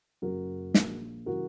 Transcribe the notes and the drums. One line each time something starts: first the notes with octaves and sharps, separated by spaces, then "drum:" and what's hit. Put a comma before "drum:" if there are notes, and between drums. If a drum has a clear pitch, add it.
F#1 F#2 C#3 F#4 A#4
A#1 A#2 A#3, drum: snare
C#3 E3 G3 F#4 A#4